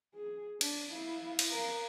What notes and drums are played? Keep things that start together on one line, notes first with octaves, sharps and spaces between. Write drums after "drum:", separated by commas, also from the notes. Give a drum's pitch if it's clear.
G#4
D4, drum: cymbal
E4 F5
drum: cymbal
A#4 F5